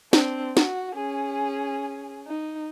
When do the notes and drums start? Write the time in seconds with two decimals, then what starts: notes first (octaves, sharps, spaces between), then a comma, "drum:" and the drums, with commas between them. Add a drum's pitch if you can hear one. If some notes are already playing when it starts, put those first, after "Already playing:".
0.13 C4 D4, drum: snare
0.57 F#4, drum: snare
0.96 C#4 G#4
2.27 D#4